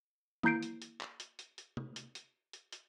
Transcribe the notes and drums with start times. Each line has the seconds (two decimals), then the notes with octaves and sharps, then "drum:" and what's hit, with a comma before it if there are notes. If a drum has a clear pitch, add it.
0.43 A#3 E4 A#5 G6 C7 D7, drum: tom D#3
0.62 drum: hi-hat
0.82 drum: hi-hat
1.01 drum: clap
1.20 drum: hi-hat
1.39 drum: hi-hat
1.58 drum: hi-hat
1.77 drum: tom
1.96 drum: hi-hat
2.15 drum: hi-hat
2.53 drum: hi-hat
2.72 drum: hi-hat